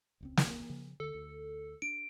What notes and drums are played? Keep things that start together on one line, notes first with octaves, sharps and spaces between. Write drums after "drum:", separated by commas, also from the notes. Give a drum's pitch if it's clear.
E1 C#2 C4
drum: snare
C#3 F3
D2 D3 A4
D2
D4 D7